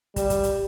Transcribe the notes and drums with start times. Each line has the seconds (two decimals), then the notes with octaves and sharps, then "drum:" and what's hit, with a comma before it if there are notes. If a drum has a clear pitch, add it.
0.16 G3, drum: kick, hi-hat
0.30 drum: kick, hi-hat
0.43 drum: hi-hat